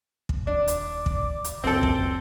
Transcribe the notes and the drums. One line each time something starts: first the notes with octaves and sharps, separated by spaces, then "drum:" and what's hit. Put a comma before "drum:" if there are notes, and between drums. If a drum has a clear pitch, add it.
drum: kick
D#1 D4 D5
drum: hi-hat
drum: kick
drum: hi-hat
F#1 C#2 F#2 C4 A4 G5
drum: kick